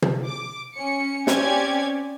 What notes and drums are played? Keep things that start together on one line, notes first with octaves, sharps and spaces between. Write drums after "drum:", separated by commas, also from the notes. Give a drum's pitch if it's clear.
drum: tom
D6
C#4 C#7
C4 C#4 G4 D5 G#6, drum: snare